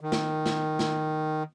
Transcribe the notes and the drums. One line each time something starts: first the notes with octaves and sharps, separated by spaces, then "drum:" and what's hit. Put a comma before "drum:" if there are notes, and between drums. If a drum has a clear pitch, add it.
D#3
drum: snare
drum: snare
drum: snare